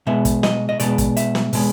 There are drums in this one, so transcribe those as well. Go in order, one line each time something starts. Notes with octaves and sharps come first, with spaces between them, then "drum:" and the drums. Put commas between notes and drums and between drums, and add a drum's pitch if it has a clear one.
B2 G#3 B3 E5
drum: kick, hi-hat
D#5, drum: snare
D#5
B2 G#3 B3 D5, drum: hi-hat
drum: kick, hi-hat
E5, drum: hi-hat
drum: snare
B2 G#3 B3, drum: open hi-hat